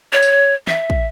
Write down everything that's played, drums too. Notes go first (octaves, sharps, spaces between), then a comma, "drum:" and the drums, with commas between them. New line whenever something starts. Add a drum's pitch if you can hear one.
C#5
drum: tambourine
E5, drum: snare
drum: kick